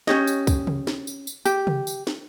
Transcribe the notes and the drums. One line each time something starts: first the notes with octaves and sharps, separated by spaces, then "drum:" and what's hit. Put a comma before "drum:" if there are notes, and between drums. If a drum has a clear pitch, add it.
C#4 G4 C#5 D#5, drum: snare
drum: tambourine
drum: kick, tambourine
drum: tom C3
drum: snare
drum: tambourine
drum: tambourine
G4, drum: tambourine
drum: tom C3
drum: tambourine
drum: snare